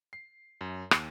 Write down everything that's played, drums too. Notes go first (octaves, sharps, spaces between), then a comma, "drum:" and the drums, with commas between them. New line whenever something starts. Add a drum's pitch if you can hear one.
C7
F#2
D#2, drum: rim click